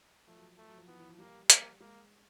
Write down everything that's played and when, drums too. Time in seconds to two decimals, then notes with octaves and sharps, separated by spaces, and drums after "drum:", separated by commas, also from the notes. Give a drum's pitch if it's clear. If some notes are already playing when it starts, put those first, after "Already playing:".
0.27 F3 A3
0.36 F#3
0.57 F3 A3
0.68 F#3
0.78 F3
0.88 E3 B3
0.99 E3
1.09 F3
1.18 G3 A#3
1.50 A#3, drum: hi-hat
1.80 G#3 A#3